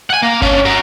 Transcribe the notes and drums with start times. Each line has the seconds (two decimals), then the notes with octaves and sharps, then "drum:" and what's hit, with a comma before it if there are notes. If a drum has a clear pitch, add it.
0.10 F#5 G#5
0.22 A#3
0.42 C#4 D4, drum: kick G1
0.65 F#4 A#4